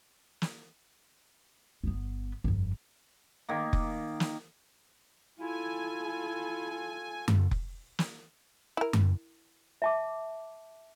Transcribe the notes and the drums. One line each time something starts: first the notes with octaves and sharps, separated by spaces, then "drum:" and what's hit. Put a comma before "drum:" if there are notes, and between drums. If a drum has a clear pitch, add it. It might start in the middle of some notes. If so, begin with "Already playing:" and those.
drum: snare
G1 B3
G1 F2
D#3 A#3
drum: kick F1
drum: snare
E4 F4 A4 G#5
drum: tom F#2
drum: kick F1
drum: snare
E4 A#4
drum: tom F#2
E5 A5 D6